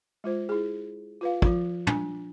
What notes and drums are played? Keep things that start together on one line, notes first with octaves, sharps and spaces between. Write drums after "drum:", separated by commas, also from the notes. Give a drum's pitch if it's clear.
G#3 F4 C5
E4 G#4
F4 B4 F5
F3 F4, drum: kick
D4 G#5, drum: tom